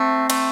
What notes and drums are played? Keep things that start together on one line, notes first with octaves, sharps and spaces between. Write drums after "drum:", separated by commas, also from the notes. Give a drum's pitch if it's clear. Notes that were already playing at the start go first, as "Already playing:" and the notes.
Already playing: A3 C4
A3, drum: cymbal